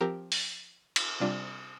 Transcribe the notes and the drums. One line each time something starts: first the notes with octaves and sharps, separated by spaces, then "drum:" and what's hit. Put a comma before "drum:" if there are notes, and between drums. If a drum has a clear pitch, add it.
F3 C4 G4 A#4
drum: open hi-hat
drum: cymbal
C3 G3 D4 F4